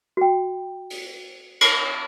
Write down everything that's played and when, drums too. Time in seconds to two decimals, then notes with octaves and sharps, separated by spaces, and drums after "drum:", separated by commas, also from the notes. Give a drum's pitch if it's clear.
0.17 F#4 G5
0.90 drum: open hi-hat
1.61 drum: cymbal